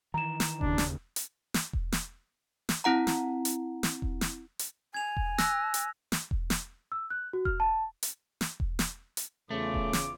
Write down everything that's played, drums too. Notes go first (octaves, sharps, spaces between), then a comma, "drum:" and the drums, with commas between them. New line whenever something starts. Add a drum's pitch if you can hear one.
D#3 E3 A#5 E7
drum: snare
D#2 C#3 D4, drum: kick E1
drum: snare
drum: hi-hat
drum: snare
drum: kick E1
drum: snare
drum: snare
C4 E4 F#5 A#5
drum: snare
drum: hi-hat
drum: snare
drum: kick E1
drum: snare
drum: hi-hat
G#5 G#6 F7
drum: kick E1
E6 F#6 A#6, drum: snare
drum: hi-hat
drum: snare
drum: kick E1
drum: snare
E6
F#6
F#4
F6, drum: kick E1
A5
drum: hi-hat
drum: snare
drum: kick E1
drum: snare
drum: hi-hat
E2 C#3 A3 C#4 F4 D6
drum: kick E1
drum: snare